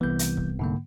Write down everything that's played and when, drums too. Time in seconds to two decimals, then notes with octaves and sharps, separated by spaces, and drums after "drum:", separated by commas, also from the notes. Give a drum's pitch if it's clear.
0.01 C2 E3 B3 G6
0.19 drum: hi-hat
0.37 drum: kick C#1
0.59 G#2 D3 A#3